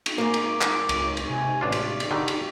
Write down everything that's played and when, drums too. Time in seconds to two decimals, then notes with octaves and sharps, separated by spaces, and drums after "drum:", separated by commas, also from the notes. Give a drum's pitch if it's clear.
0.06 drum: cymbal
0.18 G#2 A#3 D6
0.34 drum: cymbal
0.61 drum: clap
0.89 C#2, drum: cymbal
1.17 drum: cymbal
1.30 C3 G#5
1.61 A1 D4 F4 D5
1.72 drum: cymbal
2.00 drum: cymbal
2.11 D3 D#3 G4
2.28 drum: cymbal